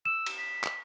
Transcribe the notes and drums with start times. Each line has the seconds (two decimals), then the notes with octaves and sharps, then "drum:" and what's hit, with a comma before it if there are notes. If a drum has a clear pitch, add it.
0.05 E6 E7
0.26 drum: cymbal
0.38 B6
0.64 drum: clap